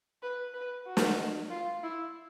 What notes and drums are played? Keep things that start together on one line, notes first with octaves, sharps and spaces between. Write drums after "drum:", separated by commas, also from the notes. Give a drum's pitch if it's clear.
B4
B4
F#4
drum: snare
F4
E4